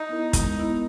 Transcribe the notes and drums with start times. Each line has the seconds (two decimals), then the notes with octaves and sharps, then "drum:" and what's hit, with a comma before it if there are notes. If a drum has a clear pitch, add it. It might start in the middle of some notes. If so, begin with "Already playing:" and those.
Already playing: D#4
0.09 B3 E4 A#4
0.33 G#3 D#4, drum: kick, hi-hat
0.58 B3 E4 A#4